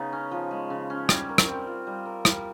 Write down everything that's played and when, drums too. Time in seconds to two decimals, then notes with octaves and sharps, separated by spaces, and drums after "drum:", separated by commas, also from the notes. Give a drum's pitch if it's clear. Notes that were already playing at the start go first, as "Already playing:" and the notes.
Already playing: C#3 B3 D#4
0.13 C#4
0.31 F3
0.51 G#3
0.70 C#3
0.90 C#4
1.09 G3, drum: rim click
1.29 A#4
1.38 drum: rim click
1.48 C4
1.67 F4
1.87 G3
2.05 A#4
2.25 G3, drum: rim click